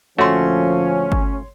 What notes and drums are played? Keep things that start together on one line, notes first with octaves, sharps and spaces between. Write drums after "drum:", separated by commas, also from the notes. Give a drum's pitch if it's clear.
D2 A#2 F3 A3 C#4 F#4 C#5 C6
drum: kick G1